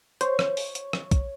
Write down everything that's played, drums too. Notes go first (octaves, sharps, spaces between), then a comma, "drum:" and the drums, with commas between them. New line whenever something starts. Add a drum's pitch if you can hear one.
C5 C#5, drum: hi-hat
drum: rim click
drum: open hi-hat
drum: hi-hat
drum: rim click
drum: kick, hi-hat